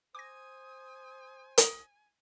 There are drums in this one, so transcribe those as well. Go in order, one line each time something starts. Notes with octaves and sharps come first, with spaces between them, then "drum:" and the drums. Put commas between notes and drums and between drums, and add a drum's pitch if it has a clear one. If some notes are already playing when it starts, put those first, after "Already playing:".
C5 G#5 D6 D#6 A#6
drum: hi-hat